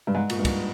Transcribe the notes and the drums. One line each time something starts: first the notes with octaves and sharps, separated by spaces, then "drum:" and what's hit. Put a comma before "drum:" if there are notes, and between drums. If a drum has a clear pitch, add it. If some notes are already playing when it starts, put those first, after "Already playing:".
G2
G#2
A#2, drum: cymbal
G2
G#2, drum: kick, cymbal